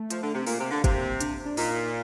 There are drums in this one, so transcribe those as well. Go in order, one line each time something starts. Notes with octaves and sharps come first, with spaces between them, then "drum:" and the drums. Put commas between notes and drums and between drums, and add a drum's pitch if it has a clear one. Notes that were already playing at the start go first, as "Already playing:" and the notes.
Already playing: A3
F3, drum: hi-hat
D3
C3
A#2 A#3, drum: open hi-hat
C3
D3
C3, drum: kick, hi-hat
D4, drum: hi-hat
D4
A#2 D#4, drum: open hi-hat